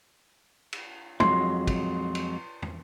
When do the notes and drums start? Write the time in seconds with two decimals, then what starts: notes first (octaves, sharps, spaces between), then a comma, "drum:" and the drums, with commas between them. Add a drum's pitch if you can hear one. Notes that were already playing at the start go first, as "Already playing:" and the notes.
0.73 drum: cymbal
1.20 F2 F#3 G#3 C6, drum: tom G#3
1.67 drum: kick, cymbal
2.15 drum: cymbal
2.62 drum: tom